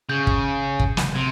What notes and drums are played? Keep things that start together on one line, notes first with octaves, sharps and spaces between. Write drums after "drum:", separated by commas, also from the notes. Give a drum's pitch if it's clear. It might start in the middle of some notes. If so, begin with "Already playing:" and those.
C#3 G6
drum: kick
drum: kick
drum: snare
C3 G#6